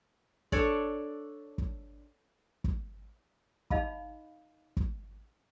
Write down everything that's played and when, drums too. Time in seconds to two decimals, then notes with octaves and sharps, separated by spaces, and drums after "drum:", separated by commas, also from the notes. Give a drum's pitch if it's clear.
0.52 D4 A4 C#5 D5, drum: kick
1.58 drum: kick
2.64 drum: kick
3.70 D#4 D#5 F5 B5, drum: kick
4.77 drum: kick